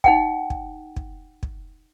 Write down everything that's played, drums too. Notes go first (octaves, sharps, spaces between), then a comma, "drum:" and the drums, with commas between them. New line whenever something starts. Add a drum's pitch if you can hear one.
D#4 F#5 G5, drum: kick
drum: kick
drum: kick
drum: kick